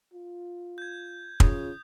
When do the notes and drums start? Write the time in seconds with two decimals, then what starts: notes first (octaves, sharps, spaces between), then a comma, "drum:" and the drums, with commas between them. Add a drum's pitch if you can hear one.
0.14 F4
0.78 G6 G#6
1.40 C#3 F4 D#6, drum: kick